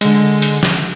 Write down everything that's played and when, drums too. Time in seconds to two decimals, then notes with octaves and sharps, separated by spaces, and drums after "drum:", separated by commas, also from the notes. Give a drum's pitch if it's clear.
0.01 D3 G#3, drum: hi-hat
0.42 drum: hi-hat
0.63 drum: snare